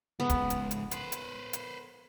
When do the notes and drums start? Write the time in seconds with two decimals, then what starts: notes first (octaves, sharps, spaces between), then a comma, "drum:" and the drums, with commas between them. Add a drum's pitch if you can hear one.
0.20 C#2 G#2 B3
0.30 drum: kick, hi-hat
0.50 drum: hi-hat
0.71 drum: hi-hat
0.91 B4 C5, drum: hi-hat
1.12 drum: hi-hat
1.53 drum: hi-hat